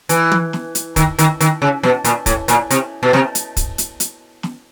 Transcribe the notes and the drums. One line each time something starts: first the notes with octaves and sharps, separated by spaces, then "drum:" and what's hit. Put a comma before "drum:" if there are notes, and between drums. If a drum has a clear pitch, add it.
E3, drum: hi-hat
drum: tom
drum: snare
drum: hi-hat
D#3, drum: kick, hi-hat
D#3, drum: hi-hat
D#3, drum: hi-hat
C#3
B2, drum: snare
A#2, drum: hi-hat
A2, drum: kick, hi-hat
A#2, drum: hi-hat
C3, drum: hi-hat
B2
C3, drum: snare
drum: hi-hat
drum: kick, hi-hat
drum: hi-hat
drum: hi-hat
drum: snare